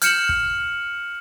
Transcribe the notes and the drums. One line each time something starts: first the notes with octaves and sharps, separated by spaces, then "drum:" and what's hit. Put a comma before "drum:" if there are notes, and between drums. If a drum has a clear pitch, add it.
F6 G6 C#7 E7 F#7, drum: hi-hat
drum: kick